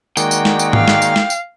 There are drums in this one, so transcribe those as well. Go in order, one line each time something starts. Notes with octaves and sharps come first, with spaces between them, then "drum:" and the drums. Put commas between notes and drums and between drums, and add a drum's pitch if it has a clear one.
D#3 G#3 A#3 F#4 D5 F#5 G5, drum: tambourine
drum: tambourine
drum: snare
drum: tambourine
F5, drum: tom G#2
drum: snare
drum: tambourine
drum: snare
drum: tambourine